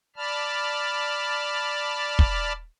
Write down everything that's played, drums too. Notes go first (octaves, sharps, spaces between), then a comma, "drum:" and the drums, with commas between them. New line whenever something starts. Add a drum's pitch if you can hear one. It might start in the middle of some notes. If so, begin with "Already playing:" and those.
D5 A5 B5 F6
drum: kick